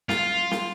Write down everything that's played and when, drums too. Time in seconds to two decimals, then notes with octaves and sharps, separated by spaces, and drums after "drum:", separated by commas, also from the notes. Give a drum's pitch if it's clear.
0.09 F4, drum: snare
0.51 drum: snare